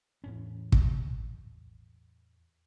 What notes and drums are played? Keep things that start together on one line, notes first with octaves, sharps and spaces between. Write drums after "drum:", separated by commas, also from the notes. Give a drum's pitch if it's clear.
E2 A2 C#4
drum: kick